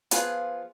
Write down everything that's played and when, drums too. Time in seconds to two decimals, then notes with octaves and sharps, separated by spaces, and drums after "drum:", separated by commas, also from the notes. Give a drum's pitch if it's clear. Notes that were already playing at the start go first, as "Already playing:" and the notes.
0.11 F3 B3 F4 G#4 B4, drum: hi-hat